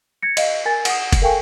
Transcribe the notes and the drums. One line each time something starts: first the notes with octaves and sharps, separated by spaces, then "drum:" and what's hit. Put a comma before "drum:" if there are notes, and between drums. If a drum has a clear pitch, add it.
G#6 A#6 C#7
D#5 F5, drum: cymbal
A#4 G#5 A6
F#5 D#6, drum: cymbal
drum: kick, cymbal
A4 A#4 F5 G5 G#5 C#6